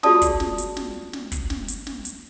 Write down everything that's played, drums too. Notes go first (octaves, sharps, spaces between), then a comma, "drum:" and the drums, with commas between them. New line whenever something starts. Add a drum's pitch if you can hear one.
F4 F#4 G#4 D5 A5 D#6, drum: snare
drum: kick, hi-hat
drum: snare
drum: hi-hat
drum: snare
drum: snare
drum: kick, hi-hat
drum: snare
drum: hi-hat
drum: snare
drum: hi-hat